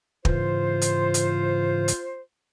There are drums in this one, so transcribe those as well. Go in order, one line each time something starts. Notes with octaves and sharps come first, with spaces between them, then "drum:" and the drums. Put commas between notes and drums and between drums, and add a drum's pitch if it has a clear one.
G#2 C#3 E3 F4 C5, drum: kick
drum: hi-hat
drum: hi-hat
drum: hi-hat